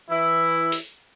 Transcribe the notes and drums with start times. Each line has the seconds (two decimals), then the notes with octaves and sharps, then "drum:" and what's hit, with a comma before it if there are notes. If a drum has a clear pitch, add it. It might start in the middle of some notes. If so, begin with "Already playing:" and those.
0.09 E3 E4
0.72 drum: open hi-hat